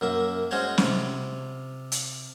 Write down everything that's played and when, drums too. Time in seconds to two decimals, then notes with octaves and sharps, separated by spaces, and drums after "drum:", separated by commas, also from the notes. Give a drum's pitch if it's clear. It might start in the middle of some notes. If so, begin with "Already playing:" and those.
0.01 F#2 A#3 E5
0.51 G#3 C#4 F#4 C5 C#5
0.78 C3 F4, drum: snare
1.92 drum: hi-hat